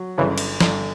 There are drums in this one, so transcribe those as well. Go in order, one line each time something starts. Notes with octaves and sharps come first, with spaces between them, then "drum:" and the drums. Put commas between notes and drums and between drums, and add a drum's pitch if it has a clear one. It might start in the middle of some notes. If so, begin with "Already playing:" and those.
Already playing: F#3
G1 C#3 E3
drum: cymbal
G1, drum: snare